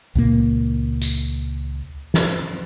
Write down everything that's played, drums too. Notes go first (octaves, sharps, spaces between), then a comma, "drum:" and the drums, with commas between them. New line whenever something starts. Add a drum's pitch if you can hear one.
C#2 A#2 A#3
drum: tambourine
drum: snare